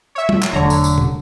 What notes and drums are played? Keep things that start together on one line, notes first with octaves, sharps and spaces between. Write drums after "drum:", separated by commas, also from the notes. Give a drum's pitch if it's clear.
C#5 E5
drum: tom
drum: clap
E1 D3 F#3 A3 C#5 A#5
drum: tambourine
drum: tambourine
drum: tom B2